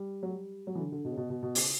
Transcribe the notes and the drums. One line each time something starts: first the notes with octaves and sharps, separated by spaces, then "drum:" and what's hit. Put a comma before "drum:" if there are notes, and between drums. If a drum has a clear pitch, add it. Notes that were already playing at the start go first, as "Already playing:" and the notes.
Already playing: G3
F#3
G3
F#3
E3
D3
D3
B2
C#3
B2
B2
B2
C#3, drum: open hi-hat